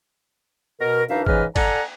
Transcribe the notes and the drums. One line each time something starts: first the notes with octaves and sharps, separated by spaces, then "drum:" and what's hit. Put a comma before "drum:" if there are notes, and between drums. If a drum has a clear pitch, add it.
B2 A#4
F#2 E3 D4 D#4 E5 F5
G#2 C#3 E3 B4 D#5 F6, drum: kick
A4 D5 F#5 G#5 A#5, drum: kick, cymbal